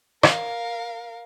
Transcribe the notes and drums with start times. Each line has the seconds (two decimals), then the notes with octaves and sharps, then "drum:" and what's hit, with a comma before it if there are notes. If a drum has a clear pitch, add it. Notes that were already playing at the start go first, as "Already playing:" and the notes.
0.23 A#4 F5, drum: rim click